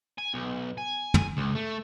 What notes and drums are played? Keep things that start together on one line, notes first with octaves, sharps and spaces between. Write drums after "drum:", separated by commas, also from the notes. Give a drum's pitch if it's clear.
G#5
B1
G#5
drum: tom
C#2
A3